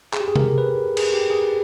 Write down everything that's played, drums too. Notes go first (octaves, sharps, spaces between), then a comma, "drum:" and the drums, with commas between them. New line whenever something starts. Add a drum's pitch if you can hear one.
G#4, drum: clap
G4
G#4
A#4, drum: tom C3
B4
G#4, drum: cymbal
G4
G#4